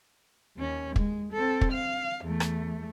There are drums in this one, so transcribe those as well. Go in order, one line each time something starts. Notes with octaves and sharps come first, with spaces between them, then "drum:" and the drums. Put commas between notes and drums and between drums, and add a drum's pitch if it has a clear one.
D#2 C#4
G#3, drum: kick
C4 A4
drum: kick
F5
E2 A3
drum: rim click